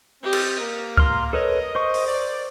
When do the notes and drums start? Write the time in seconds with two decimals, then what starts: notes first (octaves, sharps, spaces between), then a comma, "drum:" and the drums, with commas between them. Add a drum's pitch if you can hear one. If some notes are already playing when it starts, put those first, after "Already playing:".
0.23 C4 G4 D#5
0.33 drum: cymbal
0.60 A#3 A#4
0.97 A#5 C6 F6, drum: kick C#2
1.33 A4 B4 C#5 D#5
1.75 C5 C#6
1.94 drum: open hi-hat
2.07 D5